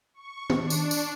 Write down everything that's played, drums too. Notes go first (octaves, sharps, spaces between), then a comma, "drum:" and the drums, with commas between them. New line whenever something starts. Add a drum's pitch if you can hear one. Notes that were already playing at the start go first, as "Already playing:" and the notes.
C#6
D4, drum: tom
drum: tambourine
drum: tambourine